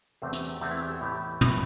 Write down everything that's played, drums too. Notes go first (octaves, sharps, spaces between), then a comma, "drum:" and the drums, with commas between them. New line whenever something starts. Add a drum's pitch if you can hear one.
E2 C3 A3 C4 C5
drum: hi-hat
G4
E2 C3 A3 C4 A4
E4
G4
A4
A2 E3 A3 G4
A2 E3 A3, drum: tom